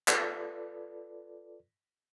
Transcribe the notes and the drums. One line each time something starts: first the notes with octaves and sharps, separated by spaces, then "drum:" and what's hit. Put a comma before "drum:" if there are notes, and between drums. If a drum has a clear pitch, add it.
F4 A4 B4 D5, drum: clap